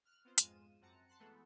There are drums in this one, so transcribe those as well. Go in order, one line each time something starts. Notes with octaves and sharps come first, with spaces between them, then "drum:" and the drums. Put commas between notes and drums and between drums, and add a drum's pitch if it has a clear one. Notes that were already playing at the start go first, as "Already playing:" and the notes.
F6 F#6
B3 C4 F4 C5
F2 G#2 G#3 F4 D#7 E7, drum: hi-hat
F#2 C4 F#5 A5 A#5 C#7
A5 C6 F#6 C#7
E3 G#3 A3 B3 F#4 A4